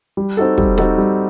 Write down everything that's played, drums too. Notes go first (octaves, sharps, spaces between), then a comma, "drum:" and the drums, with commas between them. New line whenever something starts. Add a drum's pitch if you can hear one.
G3
C4 D#4 F#4 A4
G3, drum: kick
C4 D#4 F#4 A4, drum: snare
G3